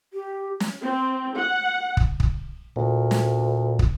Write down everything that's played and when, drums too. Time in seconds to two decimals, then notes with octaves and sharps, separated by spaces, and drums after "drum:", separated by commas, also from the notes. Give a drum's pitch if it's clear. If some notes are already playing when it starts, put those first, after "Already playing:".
0.13 G4
0.60 drum: snare
0.83 C4
1.37 F#5
1.97 drum: kick
2.20 drum: kick
2.76 D2 A#2
3.11 drum: snare
3.79 drum: kick